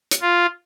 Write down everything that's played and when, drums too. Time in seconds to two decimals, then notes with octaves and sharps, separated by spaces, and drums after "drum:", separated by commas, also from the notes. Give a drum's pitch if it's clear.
0.11 drum: hi-hat
0.21 F4